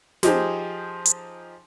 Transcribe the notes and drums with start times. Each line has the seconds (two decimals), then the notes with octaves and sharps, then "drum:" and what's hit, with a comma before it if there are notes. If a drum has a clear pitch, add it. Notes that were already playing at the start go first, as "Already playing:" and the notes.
0.23 F3 D#4 G4 G#4 C5, drum: snare
1.05 drum: hi-hat